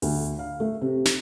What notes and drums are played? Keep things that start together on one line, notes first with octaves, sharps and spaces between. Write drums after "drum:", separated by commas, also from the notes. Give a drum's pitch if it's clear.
D2, drum: open hi-hat
F5
A3
C3
drum: snare